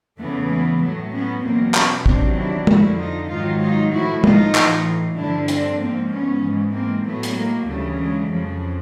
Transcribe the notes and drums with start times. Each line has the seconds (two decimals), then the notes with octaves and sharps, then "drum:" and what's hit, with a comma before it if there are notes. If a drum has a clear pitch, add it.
0.18 E2 C#3 E3 A3 B3
0.49 A3 B3
0.80 A2 F#3 A3 B3
1.12 B3 C#4
1.43 E2 B2 F#3 A#3 C4
1.74 B3 C#4, drum: clap
2.06 E2 C3 D#3 F#3 C4 D4, drum: kick
2.36 D4 E4
2.67 F2 D3 F3 E4 F#4, drum: tom
2.99 D#4 F4
3.30 G#2 D#3 F#3 D#4 F4
3.61 D#4 F4
3.92 A2 F3 E4 F#4
4.24 D#4 F4, drum: tom
4.55 A2 E3, drum: clap
5.17 G2 D3 F3 D4 E4
5.48 C4 D4, drum: hi-hat
5.79 G#2 F3 A#3 C4
6.10 B3 C#4
6.42 G#2 E3
6.72 A#3 C4
7.04 A2 F#3 A3 B3
7.23 drum: hi-hat
7.35 G#3 A#3
7.66 D2 C#3 E3 G3 A3
7.98 F#3 G#3
8.29 F2 C#3 F3